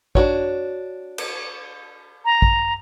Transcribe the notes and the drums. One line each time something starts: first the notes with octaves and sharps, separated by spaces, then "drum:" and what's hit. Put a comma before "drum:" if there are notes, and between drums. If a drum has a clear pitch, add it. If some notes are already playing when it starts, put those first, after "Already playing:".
D4 F#4 C#5, drum: kick
drum: cymbal
A#5
drum: kick